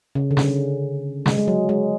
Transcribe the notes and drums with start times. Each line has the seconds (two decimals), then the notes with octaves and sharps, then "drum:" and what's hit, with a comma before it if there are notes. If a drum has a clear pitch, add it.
0.15 C#3
0.31 D3
0.37 C#3, drum: snare
1.26 G#3, drum: snare
1.38 G#3
1.48 F#3
1.69 G#3